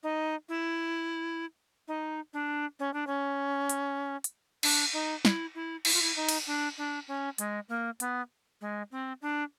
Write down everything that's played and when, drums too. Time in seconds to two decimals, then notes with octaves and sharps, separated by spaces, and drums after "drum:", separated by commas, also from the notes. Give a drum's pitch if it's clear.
0.03 D#4
0.49 E4
1.88 D#4
2.33 D4
2.79 C#4
2.94 D4
3.07 C#4
3.69 drum: hi-hat
4.24 drum: hi-hat
4.63 D4, drum: cymbal
4.93 D#4
5.25 E4, drum: snare
5.55 E4
5.85 E4, drum: cymbal
5.94 F4
6.02 E4
6.16 D#4
6.29 drum: cymbal
6.47 D4
6.78 D4
7.08 C#4
7.38 G#3, drum: hi-hat
7.69 A#3
8.00 B3, drum: hi-hat
8.61 G#3
8.91 C4
9.22 D4